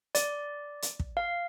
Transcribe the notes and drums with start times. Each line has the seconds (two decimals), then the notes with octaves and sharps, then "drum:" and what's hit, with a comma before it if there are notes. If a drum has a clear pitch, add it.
0.15 D5, drum: hi-hat
0.82 drum: hi-hat
0.99 drum: kick
1.17 F5